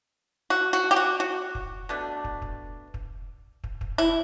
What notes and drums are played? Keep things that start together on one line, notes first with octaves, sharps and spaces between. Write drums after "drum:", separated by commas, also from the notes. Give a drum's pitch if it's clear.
F#4
F#4
G4
F#4
F#4
drum: kick
B2 A3 D4
drum: kick
drum: kick
drum: kick
drum: kick
drum: kick
E4